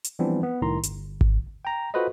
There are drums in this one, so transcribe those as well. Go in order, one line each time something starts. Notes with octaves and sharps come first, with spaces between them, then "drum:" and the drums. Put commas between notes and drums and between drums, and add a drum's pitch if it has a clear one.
drum: hi-hat
E3 F3 G3 B3 C4 D4
B3
C2 A2 D#3 E4 A#5 C6
G1, drum: hi-hat
drum: kick G#1
G5 A#5
F4 F#4 A4 B4 C5 D#5